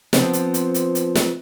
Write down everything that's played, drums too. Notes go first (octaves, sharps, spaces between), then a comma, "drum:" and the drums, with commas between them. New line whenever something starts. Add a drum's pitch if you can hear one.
F3 B3 C4, drum: snare
drum: hi-hat
drum: hi-hat
drum: hi-hat
drum: hi-hat
drum: snare